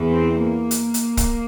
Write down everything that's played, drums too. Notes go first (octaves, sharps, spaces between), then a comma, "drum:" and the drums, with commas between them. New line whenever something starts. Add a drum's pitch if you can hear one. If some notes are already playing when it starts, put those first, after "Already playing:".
Already playing: E2 E3
C4
A#3
drum: hi-hat
drum: hi-hat
drum: kick, hi-hat